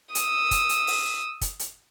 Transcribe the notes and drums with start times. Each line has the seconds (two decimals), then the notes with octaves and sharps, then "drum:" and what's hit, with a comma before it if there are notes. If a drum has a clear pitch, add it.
0.15 D#6 E6, drum: hi-hat
0.51 drum: kick, hi-hat
0.69 drum: hi-hat
0.87 drum: open hi-hat
1.41 drum: kick, hi-hat
1.59 drum: hi-hat